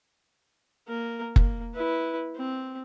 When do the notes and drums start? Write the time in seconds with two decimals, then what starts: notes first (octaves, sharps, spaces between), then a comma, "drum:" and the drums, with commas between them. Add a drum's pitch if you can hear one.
0.88 A#3 A#4
1.36 A#3, drum: kick F#1
1.75 E4 B4
2.36 C4